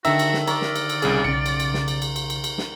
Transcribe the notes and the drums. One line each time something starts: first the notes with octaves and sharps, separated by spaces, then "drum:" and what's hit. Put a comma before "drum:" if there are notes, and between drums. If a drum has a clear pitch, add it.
D3 D#3 F#4 E5 A5 E6, drum: cymbal
drum: cymbal
drum: snare
A#4 D5 C#6, drum: cymbal
drum: snare
drum: cymbal
drum: cymbal
C2 C#3 G#4, drum: cymbal
B1 C#3 C#7
drum: cymbal
drum: cymbal
drum: snare
drum: cymbal
drum: cymbal
drum: cymbal
drum: cymbal
drum: cymbal
drum: snare